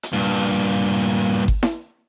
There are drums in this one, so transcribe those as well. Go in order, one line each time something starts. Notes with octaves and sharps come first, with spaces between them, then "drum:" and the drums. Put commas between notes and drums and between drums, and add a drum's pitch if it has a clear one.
drum: hi-hat
G2 A#2
drum: kick G1
drum: snare E4